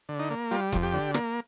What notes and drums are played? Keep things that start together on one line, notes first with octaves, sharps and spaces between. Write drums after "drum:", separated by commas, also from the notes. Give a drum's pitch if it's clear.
D3
D#4
A#3
G3 F4
F2, drum: kick F1
G4
D3
A#3, drum: rim click